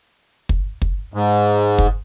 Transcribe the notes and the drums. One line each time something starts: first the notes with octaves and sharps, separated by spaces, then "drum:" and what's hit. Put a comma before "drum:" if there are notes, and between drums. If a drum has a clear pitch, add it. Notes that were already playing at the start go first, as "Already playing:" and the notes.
drum: kick
drum: kick
G#2
drum: kick